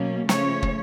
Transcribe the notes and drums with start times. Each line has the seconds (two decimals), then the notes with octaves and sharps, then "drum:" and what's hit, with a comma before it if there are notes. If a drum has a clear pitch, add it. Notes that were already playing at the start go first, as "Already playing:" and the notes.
Already playing: B2 F#3 A#3 C#4
0.29 C#3 F3 A3 C#4 C#5, drum: snare
0.63 drum: kick